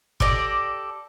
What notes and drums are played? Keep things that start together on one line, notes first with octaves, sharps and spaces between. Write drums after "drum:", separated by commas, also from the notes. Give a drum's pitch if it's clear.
G4 A4 D5 D#5, drum: kick